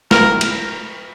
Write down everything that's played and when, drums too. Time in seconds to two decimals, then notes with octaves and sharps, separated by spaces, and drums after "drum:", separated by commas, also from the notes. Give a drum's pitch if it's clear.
0.11 A#4, drum: snare
0.41 drum: cymbal